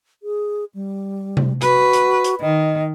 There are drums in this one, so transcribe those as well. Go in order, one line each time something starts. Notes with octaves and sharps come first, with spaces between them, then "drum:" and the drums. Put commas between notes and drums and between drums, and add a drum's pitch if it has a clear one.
G#4
G3
drum: tom C3
F#4 B4, drum: hi-hat
drum: hi-hat
drum: hi-hat
D#3 D#5